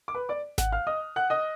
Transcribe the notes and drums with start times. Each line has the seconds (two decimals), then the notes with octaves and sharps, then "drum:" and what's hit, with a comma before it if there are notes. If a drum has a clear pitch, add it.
0.08 D6
0.14 B4 B5
0.29 D5 D6
0.58 F#5 F#6, drum: snare G#1
0.72 F5 F6
0.87 D#5 D#6
1.16 F#5 F#6
1.30 D#5 D#6